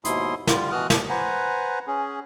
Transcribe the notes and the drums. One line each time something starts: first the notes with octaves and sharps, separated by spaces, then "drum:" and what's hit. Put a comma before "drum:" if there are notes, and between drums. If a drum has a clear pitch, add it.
D#2 G#2 B2 E4 C6 D#6, drum: hi-hat
D3 G3 F4, drum: snare
B2 E3 F#4 D#6 F6 F#6
D#2, drum: snare
B4 C5 F#5 G#5 A#5
C#4 G#4